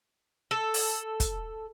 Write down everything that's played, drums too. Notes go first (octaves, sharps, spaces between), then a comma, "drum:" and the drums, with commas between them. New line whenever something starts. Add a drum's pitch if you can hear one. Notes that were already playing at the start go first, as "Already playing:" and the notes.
A4
drum: open hi-hat
drum: kick, hi-hat